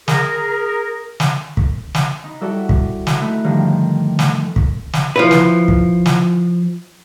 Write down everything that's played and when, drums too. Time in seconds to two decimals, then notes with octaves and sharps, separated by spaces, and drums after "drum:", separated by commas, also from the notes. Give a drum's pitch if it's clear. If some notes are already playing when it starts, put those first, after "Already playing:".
0.08 G#4 A#4, drum: snare
1.20 drum: snare
1.57 drum: kick
1.95 drum: snare
2.24 D#4 B5
2.41 G3 E4 F#4 A4 D5
2.69 drum: kick
3.07 drum: snare
3.19 A3 D#4 E4 B5 F#6
3.44 G2 D3 D#3 F3 G3
4.19 drum: snare
4.56 drum: kick
4.93 drum: snare
5.16 F3 E4 B4
5.31 drum: snare
5.68 drum: kick
6.06 drum: snare